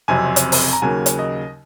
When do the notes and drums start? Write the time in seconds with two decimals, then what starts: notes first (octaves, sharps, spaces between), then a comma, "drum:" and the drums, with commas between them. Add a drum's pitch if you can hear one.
0.08 F#1 F2 C3 F#3 C4 G#5
0.36 drum: hi-hat
0.52 drum: open hi-hat
0.73 A#5
0.82 D#2 C#3 F#3 A#3 G#5
1.06 drum: hi-hat
1.19 D#5